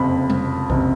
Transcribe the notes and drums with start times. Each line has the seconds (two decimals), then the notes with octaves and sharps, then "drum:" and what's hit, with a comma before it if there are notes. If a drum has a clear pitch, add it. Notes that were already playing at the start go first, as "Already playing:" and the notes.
Already playing: F#1 F2 C3 B5
0.30 drum: tom G3
0.70 F#1 C3, drum: kick C2